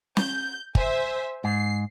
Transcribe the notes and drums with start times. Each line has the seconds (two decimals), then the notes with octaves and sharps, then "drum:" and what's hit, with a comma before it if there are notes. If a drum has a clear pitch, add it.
0.17 G6, drum: snare
0.75 C5 E5 G#5, drum: kick G1
1.44 G#2 C7